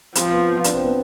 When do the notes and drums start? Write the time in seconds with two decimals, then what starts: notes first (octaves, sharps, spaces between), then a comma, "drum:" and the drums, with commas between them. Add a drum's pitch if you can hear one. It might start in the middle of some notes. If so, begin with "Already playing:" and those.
0.15 F3 C4, drum: hi-hat
0.31 B3
0.48 B3
0.64 D4, drum: hi-hat
0.74 C4
0.84 B3